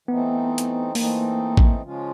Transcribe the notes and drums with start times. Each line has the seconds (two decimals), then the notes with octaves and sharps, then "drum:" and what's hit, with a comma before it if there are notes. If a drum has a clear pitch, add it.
0.08 E3 A3 B3 C4 D#4
0.58 drum: hi-hat
0.95 E3 A3 A#3 C4 D#4, drum: open hi-hat
1.57 drum: kick
1.82 C#3 F3 G#3 C#4 F4